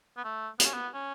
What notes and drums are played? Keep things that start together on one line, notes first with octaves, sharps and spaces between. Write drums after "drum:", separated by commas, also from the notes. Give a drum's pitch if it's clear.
B3
A3
B3, drum: hi-hat
C#4
B3
C#4